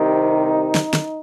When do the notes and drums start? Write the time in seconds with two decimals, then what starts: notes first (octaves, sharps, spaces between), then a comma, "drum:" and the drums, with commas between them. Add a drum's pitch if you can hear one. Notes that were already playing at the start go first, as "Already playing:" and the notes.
Already playing: C2 C3 D#3 D#4
0.75 drum: snare
0.93 drum: snare